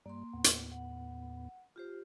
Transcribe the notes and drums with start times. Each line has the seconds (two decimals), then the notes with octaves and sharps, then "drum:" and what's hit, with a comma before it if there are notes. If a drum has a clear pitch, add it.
0.06 G2 G3 A#3 C6
0.33 D#2 A2 B3
0.44 drum: hi-hat
0.72 F#5
1.76 F4 G4 C5